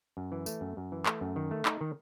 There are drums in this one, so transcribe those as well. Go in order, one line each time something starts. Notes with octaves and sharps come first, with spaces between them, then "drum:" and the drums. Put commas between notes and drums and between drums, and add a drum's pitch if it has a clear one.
F#2
E3
A3, drum: tambourine
F#2
F#2
E3
A3, drum: clap
F#2
D#3
A3
D#4, drum: clap
D#3